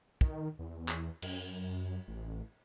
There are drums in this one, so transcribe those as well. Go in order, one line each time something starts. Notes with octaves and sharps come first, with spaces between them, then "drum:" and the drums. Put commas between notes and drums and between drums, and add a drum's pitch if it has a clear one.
D#3, drum: kick
E2
drum: clap
F#2, drum: cymbal
A1